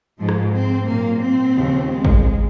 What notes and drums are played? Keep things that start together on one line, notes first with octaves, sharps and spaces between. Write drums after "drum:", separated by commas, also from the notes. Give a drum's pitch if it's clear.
G#2 F3
drum: rim click
C4
A#2 F#3 A#3
C4
D#2 C#3 F3
G#3
drum: kick G#1